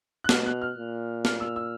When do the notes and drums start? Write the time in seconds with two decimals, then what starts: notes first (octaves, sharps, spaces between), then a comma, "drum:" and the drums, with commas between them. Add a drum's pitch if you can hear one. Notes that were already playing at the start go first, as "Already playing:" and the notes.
0.24 F#6
0.29 B2 F6, drum: snare
0.46 F#6
0.62 F6
0.77 A#2
1.25 F6, drum: snare
1.40 E6
1.56 E6